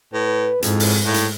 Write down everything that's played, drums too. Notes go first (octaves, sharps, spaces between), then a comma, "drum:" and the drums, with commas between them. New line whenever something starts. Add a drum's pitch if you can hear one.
A2 B4
F2 G#2 D#4 E4, drum: hi-hat
drum: open hi-hat
A2 A#3 E4
drum: hi-hat